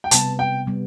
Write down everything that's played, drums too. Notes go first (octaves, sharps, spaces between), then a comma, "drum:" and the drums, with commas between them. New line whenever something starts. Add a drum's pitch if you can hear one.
G5
C3 G3 B3 A5, drum: hi-hat
G5
C3 G3 B3